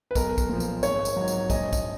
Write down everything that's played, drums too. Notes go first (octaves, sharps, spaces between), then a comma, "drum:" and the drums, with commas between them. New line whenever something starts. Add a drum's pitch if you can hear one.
B4
B1 A#4, drum: kick, tambourine
drum: kick, tambourine
A#2 F3
drum: tambourine
G#1 C#5, drum: tambourine
drum: tambourine
G#2 F#3
drum: tambourine
A#1 D#5, drum: kick, tambourine
drum: kick, tambourine